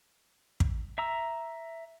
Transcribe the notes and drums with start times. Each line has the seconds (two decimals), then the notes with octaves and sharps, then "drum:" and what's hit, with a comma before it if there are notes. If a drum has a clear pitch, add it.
0.60 drum: kick
0.98 E5 A#5 E6